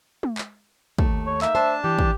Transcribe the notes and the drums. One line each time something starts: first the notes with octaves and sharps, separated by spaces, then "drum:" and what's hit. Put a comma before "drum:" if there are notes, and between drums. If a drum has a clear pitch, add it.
drum: tom
drum: clap
D#2 A3, drum: kick
C#5
A#3 D#4 E5, drum: clap
D4 C5 A5
E3 G4
drum: kick